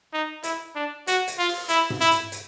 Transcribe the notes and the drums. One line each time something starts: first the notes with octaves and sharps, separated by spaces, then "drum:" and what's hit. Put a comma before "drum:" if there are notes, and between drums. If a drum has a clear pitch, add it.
D#4
E4, drum: hi-hat
D4
F#4, drum: hi-hat
drum: hi-hat
F4
drum: open hi-hat
E4, drum: hi-hat
drum: tom G#2
E4
drum: hi-hat
drum: hi-hat